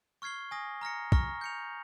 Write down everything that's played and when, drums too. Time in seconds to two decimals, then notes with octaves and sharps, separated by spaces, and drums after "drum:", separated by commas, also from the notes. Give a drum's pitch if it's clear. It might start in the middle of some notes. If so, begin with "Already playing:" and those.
0.22 C#6 F6 G#6 C7 G7
0.51 G#5 D#6 A#6
0.81 A#5 F6 A#6 C#7
1.12 A#5 C#6 F6 A#6, drum: kick
1.41 G6 C#7 F7